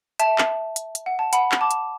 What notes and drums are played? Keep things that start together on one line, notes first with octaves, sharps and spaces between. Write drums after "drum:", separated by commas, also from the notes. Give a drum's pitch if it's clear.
E5 A5, drum: hi-hat
drum: clap
drum: hi-hat
drum: hi-hat
F#5
A5
F#5 B5, drum: hi-hat
drum: clap
A5 D6
drum: hi-hat